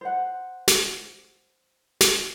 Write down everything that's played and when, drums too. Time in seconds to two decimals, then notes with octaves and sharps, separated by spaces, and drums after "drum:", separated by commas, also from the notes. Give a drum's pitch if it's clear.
0.01 C5 F#5
0.68 drum: snare
2.01 drum: snare